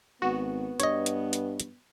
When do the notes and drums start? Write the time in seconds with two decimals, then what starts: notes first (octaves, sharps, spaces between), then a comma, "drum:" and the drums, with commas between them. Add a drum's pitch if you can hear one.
0.22 G#1 B3 F#4
0.80 G2 C#5 D#5, drum: hi-hat
1.06 drum: hi-hat
1.33 drum: hi-hat
1.60 drum: hi-hat